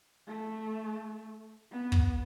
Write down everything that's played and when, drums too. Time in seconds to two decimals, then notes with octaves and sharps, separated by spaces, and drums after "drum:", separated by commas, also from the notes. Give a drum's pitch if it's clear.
0.27 A3
1.71 B3
1.92 drum: kick